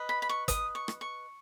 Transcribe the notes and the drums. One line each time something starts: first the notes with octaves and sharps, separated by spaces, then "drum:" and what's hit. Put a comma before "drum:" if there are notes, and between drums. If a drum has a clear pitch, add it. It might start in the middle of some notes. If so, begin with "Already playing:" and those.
Already playing: B4 D#5
B5
B5
C#6
D#6, drum: kick, hi-hat
C#6
drum: rim click
C#6